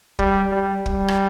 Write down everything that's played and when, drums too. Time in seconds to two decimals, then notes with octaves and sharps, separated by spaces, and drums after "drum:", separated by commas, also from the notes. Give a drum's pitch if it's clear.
0.19 G3, drum: kick
0.52 G3
0.86 G3, drum: kick
1.08 drum: rim click